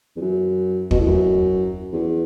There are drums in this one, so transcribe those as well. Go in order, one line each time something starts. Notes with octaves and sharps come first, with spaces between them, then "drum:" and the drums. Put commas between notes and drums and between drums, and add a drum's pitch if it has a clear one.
E2
F#2
B2, drum: kick
A2
F#2
E2